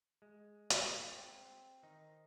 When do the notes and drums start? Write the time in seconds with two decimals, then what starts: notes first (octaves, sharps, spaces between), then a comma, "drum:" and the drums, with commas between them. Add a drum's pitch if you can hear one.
0.22 G#3
0.70 drum: hi-hat
1.12 C4
1.83 D#3 D#4